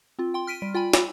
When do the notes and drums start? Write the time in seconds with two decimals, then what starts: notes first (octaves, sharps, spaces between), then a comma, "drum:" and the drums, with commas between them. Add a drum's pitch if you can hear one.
0.19 C4 F4
0.34 G5 C6
0.47 F6 B6 D7 D#7
0.62 G3
0.74 F4 G5 G#5 B5
0.93 B5 E6, drum: snare